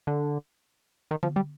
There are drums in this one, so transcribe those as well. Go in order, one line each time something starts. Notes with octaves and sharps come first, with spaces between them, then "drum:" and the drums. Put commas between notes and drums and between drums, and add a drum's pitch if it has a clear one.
D3
D#3
F3, drum: tom D3
G3